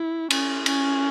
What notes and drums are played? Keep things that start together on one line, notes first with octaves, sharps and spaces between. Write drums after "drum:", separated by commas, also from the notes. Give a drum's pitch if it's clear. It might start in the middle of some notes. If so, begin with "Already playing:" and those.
Already playing: E4
C#4, drum: cymbal
C#4, drum: cymbal